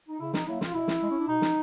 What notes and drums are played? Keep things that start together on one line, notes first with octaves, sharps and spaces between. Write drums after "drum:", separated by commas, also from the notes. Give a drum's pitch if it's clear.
D#4
C#3 E4
D#4, drum: snare
F#3 A#3 E4
F4, drum: snare
B2 E4
drum: snare
G#3
C#4
D4
B2 D#4
drum: snare